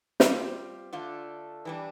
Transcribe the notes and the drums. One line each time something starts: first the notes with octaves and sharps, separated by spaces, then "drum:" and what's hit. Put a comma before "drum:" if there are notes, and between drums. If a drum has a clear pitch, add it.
G3 C4 F4, drum: snare
D3 A3 D4 F4
E3 G3 D4